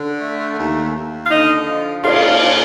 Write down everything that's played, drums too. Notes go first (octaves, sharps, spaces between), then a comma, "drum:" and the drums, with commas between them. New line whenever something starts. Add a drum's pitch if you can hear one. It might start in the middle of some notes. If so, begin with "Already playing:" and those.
Already playing: D3
A3
D#2
D#2
F5
D3 D#4 D#5
F3
A#2 F4 F5, drum: cymbal
A#2